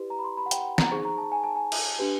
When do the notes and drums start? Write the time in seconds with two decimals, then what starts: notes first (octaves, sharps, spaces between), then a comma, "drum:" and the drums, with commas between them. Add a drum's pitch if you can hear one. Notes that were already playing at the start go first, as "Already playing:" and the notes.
Already playing: E4 G4 B4 D5
0.10 A#5
0.19 B5
0.24 C6
0.37 B5
0.46 F#5
0.51 G5, drum: hi-hat
0.57 F#5
0.64 G5
0.78 A#5, drum: snare
0.91 D#4 G#4 C5 C#6
1.05 A#5
1.18 A5
1.32 G#5
1.44 A5
1.56 G#5
1.72 drum: cymbal
1.99 D4 G4 B4